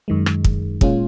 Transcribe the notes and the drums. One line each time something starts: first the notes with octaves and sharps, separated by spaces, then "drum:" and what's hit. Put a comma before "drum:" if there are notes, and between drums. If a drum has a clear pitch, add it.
F#2 D#3 G#3
drum: rim click
drum: kick
A#2 G#3 C#4 F4, drum: kick